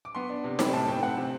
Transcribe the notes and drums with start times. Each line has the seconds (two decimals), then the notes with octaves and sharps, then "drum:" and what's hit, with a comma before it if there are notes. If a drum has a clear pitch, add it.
0.05 D6
0.15 B3 C6
0.29 D4
0.44 C3
0.59 C4 B5, drum: snare D#4
0.73 A2 A5
0.87 A2 G5
1.03 C4 F#5
1.18 C3